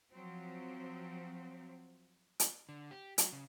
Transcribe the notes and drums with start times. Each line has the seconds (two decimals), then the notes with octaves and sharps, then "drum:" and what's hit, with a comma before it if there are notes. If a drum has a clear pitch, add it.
0.11 F3 F#3 C4
2.40 drum: hi-hat
2.69 D3
2.91 G4
3.18 F#3, drum: hi-hat
3.33 C#3